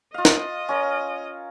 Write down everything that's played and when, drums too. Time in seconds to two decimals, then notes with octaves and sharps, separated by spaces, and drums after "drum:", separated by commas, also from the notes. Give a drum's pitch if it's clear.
0.14 F4 D#5 F5
0.25 drum: snare
0.69 C#4 A#4